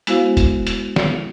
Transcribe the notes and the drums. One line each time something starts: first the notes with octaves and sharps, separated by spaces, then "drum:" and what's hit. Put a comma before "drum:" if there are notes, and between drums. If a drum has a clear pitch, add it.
G#3 B3 E4 F#4 C5 F5, drum: hi-hat
drum: kick, hi-hat
drum: hi-hat
drum: snare